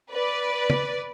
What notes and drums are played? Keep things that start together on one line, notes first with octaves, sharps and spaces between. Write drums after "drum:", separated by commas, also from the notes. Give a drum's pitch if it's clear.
B4 D5
drum: tom